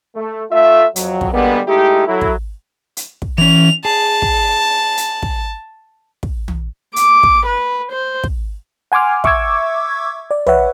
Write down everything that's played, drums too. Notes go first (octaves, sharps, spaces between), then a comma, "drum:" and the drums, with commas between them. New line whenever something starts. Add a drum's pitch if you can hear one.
A3
A3 F4 E5
F2 F#3, drum: hi-hat
drum: kick
D3 G3 G#3 A#3 B3
G#3 A3 D#4 E4 G4
F#3 E4 A4
drum: kick
drum: hi-hat
drum: kick
E3 C#4 F7
G#4 A5
drum: kick
drum: hi-hat
drum: kick
drum: kick
drum: tom
D6, drum: hi-hat
drum: kick
B4
C5
drum: kick
F#5 G#5 C6 D6 F6
E5 C#6 D6 E6 G#6, drum: kick
D5
B4 C#5 E5 F#5, drum: tom